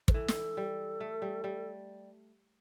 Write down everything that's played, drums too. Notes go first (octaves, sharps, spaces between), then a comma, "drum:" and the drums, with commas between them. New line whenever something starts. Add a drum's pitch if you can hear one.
C5, drum: kick
E3 A4
drum: snare
G3
A3
G3
G3